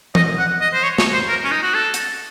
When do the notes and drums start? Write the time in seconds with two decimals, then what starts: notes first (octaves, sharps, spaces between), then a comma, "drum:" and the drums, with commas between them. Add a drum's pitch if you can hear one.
0.15 D#5, drum: tom E3
0.38 F#5
0.61 D#5
0.74 C5
0.83 C#5
0.98 C#5, drum: snare
1.14 C5
1.28 A#4
1.44 C#4
1.51 D#4
1.63 F#4
1.74 A4
1.94 drum: hi-hat